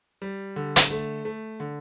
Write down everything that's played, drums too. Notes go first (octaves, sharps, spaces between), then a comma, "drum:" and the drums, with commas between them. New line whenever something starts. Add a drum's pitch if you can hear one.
G3
D3
drum: hi-hat
A3
A3
D3